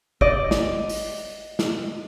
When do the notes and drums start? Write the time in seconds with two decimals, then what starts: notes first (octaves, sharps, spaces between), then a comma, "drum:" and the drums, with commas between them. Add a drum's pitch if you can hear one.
0.21 D5 D#5, drum: kick
0.51 drum: snare
0.89 drum: open hi-hat
1.59 drum: snare